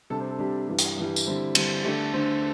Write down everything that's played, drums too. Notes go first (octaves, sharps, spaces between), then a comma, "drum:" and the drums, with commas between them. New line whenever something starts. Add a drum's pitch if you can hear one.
C3 G3 D4 A4
C5
A4
C3 G3 D4 G4
G2 E3 G3
drum: hi-hat
G2 E3 G3
drum: tambourine
D3 G3 C4 E4
D3 G3 C4, drum: cymbal
D3 A3 D4 G4
D3 A3 D4 C5